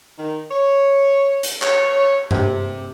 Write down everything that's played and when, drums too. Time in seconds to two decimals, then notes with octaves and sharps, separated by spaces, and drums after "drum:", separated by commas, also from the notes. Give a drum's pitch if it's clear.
0.18 D#3
0.50 C#5
1.43 drum: hi-hat
1.62 C#5, drum: clap
2.31 C3, drum: tom G2